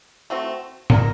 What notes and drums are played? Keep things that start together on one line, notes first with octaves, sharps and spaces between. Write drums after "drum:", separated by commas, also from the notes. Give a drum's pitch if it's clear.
A3 C4 F#4
A#3 F4 A#4, drum: tom G#2